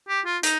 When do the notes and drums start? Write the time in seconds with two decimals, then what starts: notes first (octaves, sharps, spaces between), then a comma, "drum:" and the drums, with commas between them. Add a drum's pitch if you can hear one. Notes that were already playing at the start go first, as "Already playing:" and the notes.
0.08 G4
0.25 F4
0.43 D#4, drum: hi-hat